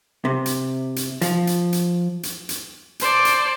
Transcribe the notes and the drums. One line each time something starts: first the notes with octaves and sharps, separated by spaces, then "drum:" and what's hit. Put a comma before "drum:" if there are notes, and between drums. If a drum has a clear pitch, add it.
C3
drum: hi-hat
drum: hi-hat
F3, drum: hi-hat
drum: hi-hat
drum: hi-hat
drum: hi-hat
drum: hi-hat
C5 D5 A5, drum: hi-hat
drum: hi-hat